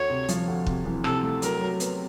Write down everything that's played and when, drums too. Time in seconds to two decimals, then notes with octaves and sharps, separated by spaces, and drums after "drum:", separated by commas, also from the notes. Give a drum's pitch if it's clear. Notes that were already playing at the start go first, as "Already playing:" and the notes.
Already playing: D2 C#5
0.10 C3
0.29 F3, drum: hi-hat
0.48 D2
0.67 C3, drum: kick
0.86 E3
1.04 C3 A4, drum: rim click
1.23 A3
1.42 F#3 A#4, drum: hi-hat
1.61 F#3
1.80 B3, drum: hi-hat